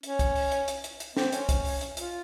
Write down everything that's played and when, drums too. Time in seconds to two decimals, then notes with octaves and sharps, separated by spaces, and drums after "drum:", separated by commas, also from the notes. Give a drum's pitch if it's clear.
0.03 C#4, drum: hi-hat
0.19 drum: kick C2, hi-hat
0.36 drum: open hi-hat
0.52 drum: hi-hat
0.68 drum: hi-hat
0.84 drum: hi-hat
1.00 drum: hi-hat
1.17 C4, drum: snare
1.32 C#4, drum: hi-hat
1.49 drum: kick C2, hi-hat
1.65 drum: open hi-hat
1.81 drum: hi-hat
1.97 F4, drum: hi-hat